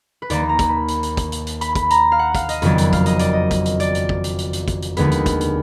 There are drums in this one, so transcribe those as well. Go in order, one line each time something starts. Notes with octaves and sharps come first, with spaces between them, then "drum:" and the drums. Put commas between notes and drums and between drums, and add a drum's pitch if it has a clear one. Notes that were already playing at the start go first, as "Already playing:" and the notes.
B4
D#2 D#3 A#3 D5, drum: hi-hat
A#5
drum: kick, hi-hat
B5
drum: hi-hat
drum: hi-hat
drum: kick, hi-hat
drum: hi-hat
drum: hi-hat
B5, drum: hi-hat
B5, drum: kick, hi-hat
A#5, drum: hi-hat
F5
F#5
F5, drum: kick, hi-hat
D#5, drum: hi-hat
F#1 F2 D#3 F#3 B3 D5, drum: hi-hat
drum: hi-hat
F5, drum: kick, hi-hat
D#5, drum: hi-hat
D5, drum: hi-hat
D#5
drum: kick, hi-hat
drum: hi-hat
D5, drum: hi-hat
drum: hi-hat
drum: kick
drum: hi-hat
drum: hi-hat
drum: hi-hat
drum: kick, hi-hat
drum: hi-hat
D#2 D3 G#3 B3 B4, drum: hi-hat
drum: hi-hat
drum: kick, hi-hat
drum: hi-hat